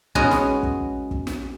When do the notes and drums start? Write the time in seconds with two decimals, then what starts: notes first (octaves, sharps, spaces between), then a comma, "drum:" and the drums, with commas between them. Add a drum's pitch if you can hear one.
0.15 G#3 B3 C#4 F#4 G#4, drum: kick
0.31 drum: snare
0.63 drum: kick
1.11 drum: kick
1.27 drum: snare